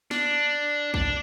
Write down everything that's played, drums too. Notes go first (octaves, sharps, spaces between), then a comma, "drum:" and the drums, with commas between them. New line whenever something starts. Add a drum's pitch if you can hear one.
D4, drum: snare
D4, drum: kick